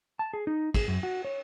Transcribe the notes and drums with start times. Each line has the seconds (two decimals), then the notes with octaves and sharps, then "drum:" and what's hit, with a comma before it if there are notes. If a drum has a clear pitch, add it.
0.19 A5
0.33 G#4
0.47 D#4
0.74 G#4, drum: kick, cymbal
0.88 F#2
1.03 F#4
1.25 C#5